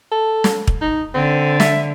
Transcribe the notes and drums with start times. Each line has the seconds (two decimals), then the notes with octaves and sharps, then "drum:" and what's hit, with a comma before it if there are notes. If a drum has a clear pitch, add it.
0.12 A4
0.44 drum: snare
0.67 drum: kick
0.81 D#4
1.14 D3 C4
1.60 E5, drum: snare